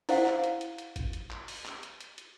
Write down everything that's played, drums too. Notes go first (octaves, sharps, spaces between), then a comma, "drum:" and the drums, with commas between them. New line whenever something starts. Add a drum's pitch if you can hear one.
E4 C5 F5 F#5, drum: open hi-hat
drum: clap
drum: hi-hat
drum: hi-hat
drum: hi-hat
drum: kick G#1, hi-hat
drum: hi-hat
drum: clap
drum: open hi-hat
drum: clap
drum: hi-hat
drum: hi-hat
drum: hi-hat